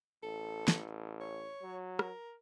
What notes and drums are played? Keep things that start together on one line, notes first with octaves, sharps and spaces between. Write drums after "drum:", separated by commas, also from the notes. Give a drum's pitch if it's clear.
A1 A4
drum: snare
C#5
F#3
A#4, drum: rim click